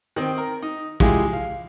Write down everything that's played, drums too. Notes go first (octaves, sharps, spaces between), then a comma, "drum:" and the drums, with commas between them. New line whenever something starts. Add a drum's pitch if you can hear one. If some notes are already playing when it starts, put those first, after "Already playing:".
D#3 C4
A#4
D#4
G#3 E4 F4 G4 G#4, drum: kick A#1
F5